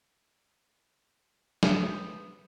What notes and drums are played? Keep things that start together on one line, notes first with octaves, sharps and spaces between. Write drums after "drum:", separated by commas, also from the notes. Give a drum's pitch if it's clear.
B3 C4, drum: snare